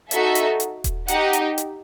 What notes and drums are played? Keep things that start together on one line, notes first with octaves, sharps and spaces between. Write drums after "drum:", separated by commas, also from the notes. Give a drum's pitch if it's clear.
D#4 F#4 A4 E5, drum: hi-hat
drum: hi-hat
drum: hi-hat
drum: kick D#1, hi-hat
D#4 G4 F#5, drum: hi-hat
drum: hi-hat
drum: hi-hat